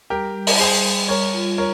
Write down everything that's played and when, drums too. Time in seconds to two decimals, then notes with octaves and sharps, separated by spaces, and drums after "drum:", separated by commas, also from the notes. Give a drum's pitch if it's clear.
0.10 G3 G4 A#4
0.35 G3
0.47 drum: open hi-hat
0.59 G3 G#4 C5
0.84 G3
1.08 G3 A#4 C#5
1.34 F4
1.58 G3 A#4 C#5